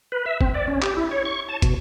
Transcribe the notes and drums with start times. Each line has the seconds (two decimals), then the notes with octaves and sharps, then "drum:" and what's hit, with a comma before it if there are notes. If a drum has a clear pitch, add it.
0.12 B4
0.26 E5
0.41 C4, drum: kick
0.54 D5
0.68 C#4
0.82 G4, drum: clap
0.97 E4
1.11 C#5
1.25 C#6
1.49 A5
1.62 B2, drum: kick, hi-hat